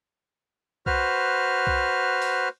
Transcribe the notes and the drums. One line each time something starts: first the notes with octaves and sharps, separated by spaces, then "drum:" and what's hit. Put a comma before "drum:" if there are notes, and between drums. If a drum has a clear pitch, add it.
F#4 B4 C5 F6, drum: kick B1
drum: kick B1
drum: open hi-hat